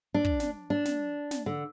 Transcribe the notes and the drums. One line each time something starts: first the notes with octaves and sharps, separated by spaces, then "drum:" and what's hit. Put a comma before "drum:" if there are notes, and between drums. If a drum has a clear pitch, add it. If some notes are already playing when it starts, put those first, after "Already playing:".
D4
drum: kick
drum: snare
D4
drum: snare
drum: snare
D3